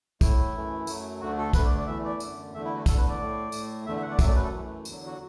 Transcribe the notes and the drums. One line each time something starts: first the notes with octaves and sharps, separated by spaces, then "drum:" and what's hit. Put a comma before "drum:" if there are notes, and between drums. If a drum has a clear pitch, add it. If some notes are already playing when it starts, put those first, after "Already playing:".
A2 A3 E4, drum: kick, tambourine
F#2 E3 A3
F#2 F#3 A3, drum: tambourine
D2 D3 A3 F#4
A4
D2 D3 A3 B4, drum: kick, tambourine
D5
D5
E2 E3 A3 E5
D5
F#2 D3 A3, drum: tambourine
E2 D3 A3 E5
E4
F#4
E2 D3 A3 A4, drum: kick, tambourine
B4
D5
A2 A3
A2 A3, drum: tambourine
E2 D3 A3 E5
E5
F#5
D5
F#2 F#3 A3 E5, drum: kick, tambourine
D5
B4
A4
F#2 E3 A3
E2 D3 F#3, drum: tambourine
F#4